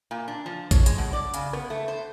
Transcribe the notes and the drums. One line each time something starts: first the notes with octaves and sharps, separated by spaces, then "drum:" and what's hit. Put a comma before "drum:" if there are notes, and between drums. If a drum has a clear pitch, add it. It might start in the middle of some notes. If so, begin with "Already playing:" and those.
A#2
D4
F3
C#5, drum: kick, hi-hat
G#3, drum: hi-hat
B2
D5
C#3, drum: hi-hat
B3, drum: rim click
A3
C5